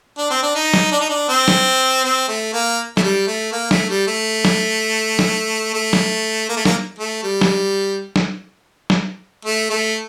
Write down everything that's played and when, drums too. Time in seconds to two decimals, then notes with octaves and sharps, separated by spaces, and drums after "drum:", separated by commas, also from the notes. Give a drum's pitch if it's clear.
0.18 D4
0.30 C4
0.43 D4
0.55 D#4
0.74 drum: snare
0.92 D4
1.01 D#4
1.09 D4
1.29 C4
1.48 drum: snare
2.04 C4
2.28 A3
2.53 A#3
2.97 A3, drum: snare
3.03 G3
3.27 A3
3.52 A#3
3.71 A3, drum: snare
3.90 G3
4.07 A3
4.45 drum: snare
5.19 drum: snare
5.74 A3
5.93 drum: snare
6.49 A#3
6.57 A3
6.65 A#3, drum: snare
6.99 A3
7.23 G3
7.41 drum: snare
8.16 drum: snare
8.90 drum: snare
9.45 A3
9.70 A3